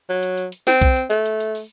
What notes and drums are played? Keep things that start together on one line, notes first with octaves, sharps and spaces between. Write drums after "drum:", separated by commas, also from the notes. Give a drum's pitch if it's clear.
F#3
drum: hi-hat
drum: hi-hat
drum: hi-hat
C4, drum: snare
drum: kick B1, hi-hat
drum: hi-hat
A3, drum: hi-hat
drum: hi-hat
drum: hi-hat
drum: open hi-hat